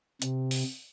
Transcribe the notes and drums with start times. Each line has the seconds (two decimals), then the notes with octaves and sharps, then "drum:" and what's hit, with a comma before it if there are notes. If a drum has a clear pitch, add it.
0.22 C3, drum: hi-hat
0.51 drum: open hi-hat